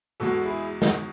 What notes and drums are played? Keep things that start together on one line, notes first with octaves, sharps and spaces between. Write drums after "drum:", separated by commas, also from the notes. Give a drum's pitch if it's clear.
E2 B2 G#3 F#4 A4
E4 G#4
drum: snare